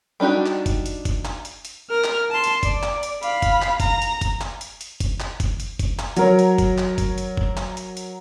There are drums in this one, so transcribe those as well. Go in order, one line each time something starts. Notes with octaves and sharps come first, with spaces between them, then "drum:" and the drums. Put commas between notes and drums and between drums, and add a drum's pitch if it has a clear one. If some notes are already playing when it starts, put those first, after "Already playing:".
G3 D4 D#4 F#4 G4
drum: clap
drum: kick, hi-hat
drum: hi-hat
drum: kick, hi-hat
drum: clap
drum: hi-hat
drum: hi-hat
A#4 F6
drum: clap
A5 C6
drum: hi-hat
D5, drum: kick, hi-hat
drum: clap
drum: hi-hat
F5 B5, drum: hi-hat
drum: kick, hi-hat
drum: clap
A#5, drum: kick, hi-hat
drum: hi-hat
drum: kick, hi-hat
drum: clap
drum: hi-hat
drum: hi-hat
drum: kick, hi-hat
drum: clap
drum: kick, hi-hat
drum: hi-hat
drum: kick, hi-hat
drum: clap
F#3 A#4 C#5, drum: hi-hat
drum: hi-hat
drum: kick, hi-hat
drum: clap
drum: kick, hi-hat
drum: hi-hat
drum: kick
drum: clap
drum: hi-hat
drum: hi-hat